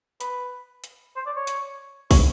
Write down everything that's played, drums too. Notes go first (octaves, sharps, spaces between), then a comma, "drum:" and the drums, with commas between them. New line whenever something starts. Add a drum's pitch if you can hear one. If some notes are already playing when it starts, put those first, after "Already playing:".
B4, drum: hi-hat
drum: hi-hat
C5
D5
C#5
drum: hi-hat
C#5, drum: kick, open hi-hat